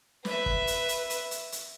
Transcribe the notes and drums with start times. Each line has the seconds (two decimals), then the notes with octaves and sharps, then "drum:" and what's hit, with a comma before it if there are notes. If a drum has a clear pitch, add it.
0.25 B4 E5, drum: snare
0.46 drum: kick
0.67 drum: hi-hat
0.89 drum: hi-hat
1.10 drum: hi-hat
1.31 drum: hi-hat
1.52 drum: hi-hat